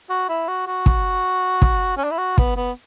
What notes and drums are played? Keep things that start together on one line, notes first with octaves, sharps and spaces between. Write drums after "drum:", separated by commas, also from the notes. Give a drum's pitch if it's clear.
F#4
E4
F#4
F#4
drum: kick
drum: kick
C#4
D4
E4
F#4
B3, drum: kick
B3